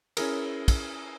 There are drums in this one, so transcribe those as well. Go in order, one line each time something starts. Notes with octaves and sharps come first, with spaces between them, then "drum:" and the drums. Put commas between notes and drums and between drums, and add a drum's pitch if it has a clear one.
C#4 E4 G#4 A#4, drum: cymbal
drum: kick, cymbal